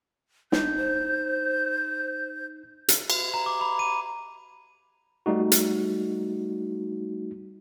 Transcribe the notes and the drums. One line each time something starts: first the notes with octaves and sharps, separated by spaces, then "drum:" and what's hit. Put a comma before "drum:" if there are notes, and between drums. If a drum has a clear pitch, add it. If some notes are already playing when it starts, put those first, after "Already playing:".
D4 D#4 G6, drum: snare
C5
drum: hi-hat
drum: cymbal
A#5
D6
B5
D#7
G3 A3 D#4 F#4
drum: hi-hat